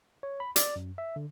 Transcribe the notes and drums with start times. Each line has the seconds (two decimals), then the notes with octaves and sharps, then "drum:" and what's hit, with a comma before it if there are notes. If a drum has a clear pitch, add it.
0.23 C#5
0.40 B5
0.56 D5, drum: hi-hat
0.76 F#2
0.98 E5
1.16 D3